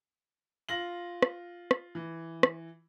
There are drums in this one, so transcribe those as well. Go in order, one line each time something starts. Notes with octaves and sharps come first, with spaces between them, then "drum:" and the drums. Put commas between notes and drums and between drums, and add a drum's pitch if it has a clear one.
F4 A#6 F#7
drum: rim click
drum: rim click
E3
drum: rim click